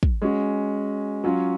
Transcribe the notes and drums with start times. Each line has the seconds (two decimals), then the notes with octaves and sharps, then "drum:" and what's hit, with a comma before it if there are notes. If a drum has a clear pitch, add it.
0.03 drum: kick
0.22 G#3 C#4 F#4
1.24 F#3 C#4 F4